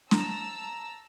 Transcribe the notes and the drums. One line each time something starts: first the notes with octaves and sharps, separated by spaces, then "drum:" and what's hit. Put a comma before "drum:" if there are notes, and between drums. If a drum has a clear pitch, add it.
A5 A#5 E6, drum: snare